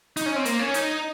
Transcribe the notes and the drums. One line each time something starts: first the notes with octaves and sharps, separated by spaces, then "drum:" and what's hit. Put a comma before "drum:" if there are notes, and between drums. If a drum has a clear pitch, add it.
D#4, drum: hi-hat
C#4
C4
A#3, drum: hi-hat
C#4
D#4, drum: hi-hat